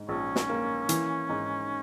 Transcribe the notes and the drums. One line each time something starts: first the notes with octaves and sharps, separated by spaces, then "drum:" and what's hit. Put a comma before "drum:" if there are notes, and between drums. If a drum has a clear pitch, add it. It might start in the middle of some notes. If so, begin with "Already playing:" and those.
Already playing: G#2
A#1 C#4
drum: snare
A#3
E3, drum: hi-hat
G#2